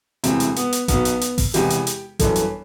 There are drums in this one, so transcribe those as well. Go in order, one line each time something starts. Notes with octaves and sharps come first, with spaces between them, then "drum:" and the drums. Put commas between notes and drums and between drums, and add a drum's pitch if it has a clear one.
E1 D2 C3 E3 C4, drum: hi-hat
drum: hi-hat
B3, drum: hi-hat
drum: hi-hat
B1 B2 B3, drum: kick A1, hi-hat
drum: hi-hat
drum: hi-hat
drum: kick A1, open hi-hat
E1 E2 C3 E3 G4, drum: hi-hat
drum: hi-hat
drum: hi-hat
G1 F#2 E3 A4, drum: kick A1, hi-hat
drum: hi-hat